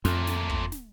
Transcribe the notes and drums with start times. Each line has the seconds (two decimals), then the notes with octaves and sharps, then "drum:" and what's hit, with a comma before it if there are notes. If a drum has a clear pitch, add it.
0.05 F2 A#2 A3, drum: snare
0.27 drum: snare
0.49 drum: kick
0.72 drum: snare